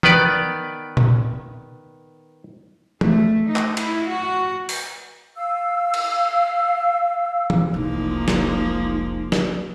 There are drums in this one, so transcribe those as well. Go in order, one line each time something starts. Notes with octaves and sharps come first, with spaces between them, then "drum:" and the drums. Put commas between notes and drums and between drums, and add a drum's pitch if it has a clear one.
D#3 B3 B4 D5, drum: tom E3
drum: tom A#2
A3, drum: tom E3
D#4
drum: clap
E4, drum: cymbal
F#4
drum: open hi-hat
F5 E6
drum: cymbal
drum: tom E3
F1 C2 F3 G#3 A#3 D#4
drum: snare
drum: snare